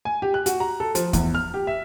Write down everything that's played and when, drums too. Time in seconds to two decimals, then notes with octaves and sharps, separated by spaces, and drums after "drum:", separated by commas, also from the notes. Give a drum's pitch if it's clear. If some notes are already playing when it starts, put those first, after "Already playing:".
0.05 G#5
0.22 G4
0.34 F#6
0.46 F#4, drum: hi-hat
0.60 A#5
0.80 A4
0.95 F3, drum: hi-hat
1.13 E2, drum: kick, hi-hat
1.35 F6
1.54 G4
1.67 E5